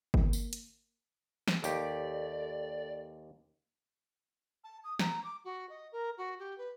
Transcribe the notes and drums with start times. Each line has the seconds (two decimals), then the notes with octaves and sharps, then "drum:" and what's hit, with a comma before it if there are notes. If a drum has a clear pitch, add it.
0.14 A#3, drum: kick G1
0.33 drum: tambourine
0.53 drum: hi-hat
1.48 drum: snare
1.64 D#2 G4 A4 D5, drum: tambourine
4.64 A5
4.84 D#6
4.99 A#5, drum: snare
5.24 D6
5.45 F#4
5.69 D#5
5.92 A#4
6.18 F#4
6.39 G4
6.58 B4